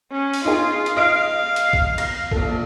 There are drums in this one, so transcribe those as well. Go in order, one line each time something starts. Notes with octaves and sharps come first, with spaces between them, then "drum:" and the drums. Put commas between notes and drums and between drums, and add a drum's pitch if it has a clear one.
C#4
drum: open hi-hat
D#4 F4 G#4
drum: hi-hat
D#5 F5 F6 D7
drum: hi-hat
drum: kick
A#6, drum: cymbal
A#1 A4, drum: kick